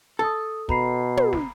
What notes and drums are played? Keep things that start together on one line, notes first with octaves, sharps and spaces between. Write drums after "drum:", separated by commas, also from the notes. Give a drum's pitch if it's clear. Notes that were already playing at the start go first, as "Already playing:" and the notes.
A4 A5 D#6
B2 A#5 B5 C7, drum: kick
drum: tom
drum: snare